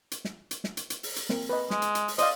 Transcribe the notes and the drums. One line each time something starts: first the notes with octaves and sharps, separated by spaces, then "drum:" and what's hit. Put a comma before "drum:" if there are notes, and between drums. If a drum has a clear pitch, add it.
drum: hi-hat
drum: snare
drum: hi-hat
drum: snare
drum: hi-hat
drum: hi-hat
drum: open hi-hat
drum: hi-hat
A#3 C4 A#4, drum: snare
B4 D#5
G#3, drum: snare
drum: hi-hat
drum: hi-hat
drum: open hi-hat
C5 D5 D#5 F5, drum: hi-hat